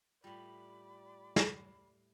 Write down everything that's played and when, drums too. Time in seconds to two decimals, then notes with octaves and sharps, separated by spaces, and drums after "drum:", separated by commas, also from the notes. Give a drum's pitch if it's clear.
0.24 A2 G3 F4 D5 G5 B5 F#7
1.36 drum: snare